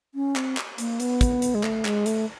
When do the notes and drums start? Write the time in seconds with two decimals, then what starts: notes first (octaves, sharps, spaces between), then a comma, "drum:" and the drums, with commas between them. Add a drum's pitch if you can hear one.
0.15 C#4
0.36 C4, drum: clap
0.57 drum: clap
0.78 A#3, drum: hi-hat
1.00 B3, drum: hi-hat
1.21 drum: kick, hi-hat
1.42 drum: hi-hat
1.55 G#3
1.63 A3, drum: clap
1.85 G#3, drum: clap
2.06 A3, drum: hi-hat